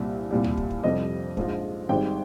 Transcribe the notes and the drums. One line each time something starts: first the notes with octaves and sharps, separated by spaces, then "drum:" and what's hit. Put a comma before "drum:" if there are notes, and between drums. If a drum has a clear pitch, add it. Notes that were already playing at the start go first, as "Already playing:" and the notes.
Already playing: C2 A#2 G3
C2 A#2 G3
drum: tom D2
drum: kick
drum: kick
F2 C3 G3 D#5
A#1 G#2 F3 G#3, drum: kick
G#1 G#2 D#3 G3 G5